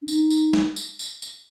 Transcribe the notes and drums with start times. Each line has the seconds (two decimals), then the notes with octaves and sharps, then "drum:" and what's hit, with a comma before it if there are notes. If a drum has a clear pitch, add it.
0.02 D4
0.08 D#4, drum: tambourine
0.30 drum: tambourine
0.53 drum: snare
0.76 drum: tambourine
0.99 drum: tambourine
1.22 drum: tambourine